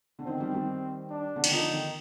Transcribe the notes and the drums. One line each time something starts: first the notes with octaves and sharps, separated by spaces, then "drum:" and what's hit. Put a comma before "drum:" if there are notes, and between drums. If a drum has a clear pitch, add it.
D3
D#3 C4
D#3 G3
D#3 G3
D4
D3
D#3, drum: cymbal
D3 F3 D#4
D#3